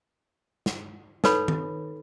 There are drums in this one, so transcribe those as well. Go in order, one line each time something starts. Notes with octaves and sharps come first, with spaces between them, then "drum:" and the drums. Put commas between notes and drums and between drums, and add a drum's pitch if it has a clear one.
drum: snare
D#4 A4 B4 C#5 B5, drum: snare
drum: tom D#3